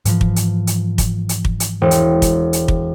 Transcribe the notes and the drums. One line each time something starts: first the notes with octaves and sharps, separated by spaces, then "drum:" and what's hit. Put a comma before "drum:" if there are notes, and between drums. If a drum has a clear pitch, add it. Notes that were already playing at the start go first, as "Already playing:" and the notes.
G#2 E3 F3, drum: hi-hat
drum: kick
drum: hi-hat
drum: hi-hat
drum: kick, hi-hat
drum: hi-hat
drum: kick
drum: hi-hat
E1
drum: hi-hat
drum: kick, hi-hat
drum: hi-hat
drum: kick